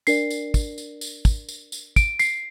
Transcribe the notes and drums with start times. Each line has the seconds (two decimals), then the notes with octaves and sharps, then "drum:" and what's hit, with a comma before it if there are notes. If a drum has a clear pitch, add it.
0.07 D4 A#4 D5 C7, drum: tambourine
0.30 drum: tambourine
0.54 drum: kick, tambourine
0.78 drum: tambourine
1.01 drum: tambourine
1.25 drum: kick, tambourine
1.49 drum: tambourine
1.72 drum: tambourine
1.96 D7, drum: kick, tambourine
2.19 C7, drum: tambourine